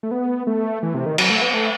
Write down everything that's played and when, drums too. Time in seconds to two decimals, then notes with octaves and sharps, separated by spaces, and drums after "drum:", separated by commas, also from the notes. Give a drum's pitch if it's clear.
0.03 A3
0.11 B3
0.47 A3
0.83 E3
0.94 C3
1.06 D#3
1.18 F#3, drum: cymbal
1.30 A3
1.42 B3
1.54 A3